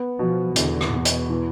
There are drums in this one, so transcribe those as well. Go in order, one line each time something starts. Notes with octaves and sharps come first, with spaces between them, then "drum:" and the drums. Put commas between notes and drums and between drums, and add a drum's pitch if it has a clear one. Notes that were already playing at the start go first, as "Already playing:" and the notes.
Already playing: B3
B2 F3
E2 D3, drum: hi-hat
drum: rim click
E2 B2
drum: hi-hat
E3